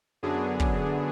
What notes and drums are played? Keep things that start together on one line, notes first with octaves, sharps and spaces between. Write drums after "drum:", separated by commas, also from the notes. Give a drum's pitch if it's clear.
F#2 D3 F#3 B3 D4 G#4
drum: kick